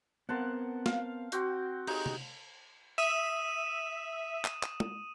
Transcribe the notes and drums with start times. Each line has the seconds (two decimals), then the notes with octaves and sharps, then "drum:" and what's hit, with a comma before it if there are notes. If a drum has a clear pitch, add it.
0.29 B3 C4 A#4 F#5 A5 C6
0.86 F5, drum: snare
1.32 C4 F#4 G5, drum: hi-hat
1.87 D#4 G4 G#4, drum: cymbal
2.06 drum: tom C3
2.98 E5 D#6 D#7 E7
4.45 drum: clap
4.63 drum: clap
4.80 drum: tom